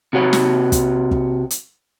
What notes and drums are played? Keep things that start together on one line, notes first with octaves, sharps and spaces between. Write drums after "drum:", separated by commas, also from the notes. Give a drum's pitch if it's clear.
C3 F#4 C#5 F#5
drum: snare
drum: kick, hi-hat
drum: kick
drum: hi-hat